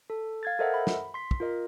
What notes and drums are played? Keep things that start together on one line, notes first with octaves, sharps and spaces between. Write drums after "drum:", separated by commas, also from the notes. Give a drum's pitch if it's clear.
A4
F5 G#6 A6
A4 A#4 C5 D#5 E5 F#5
B5
drum: snare
C6 B6
drum: kick
F4 A#4 D#5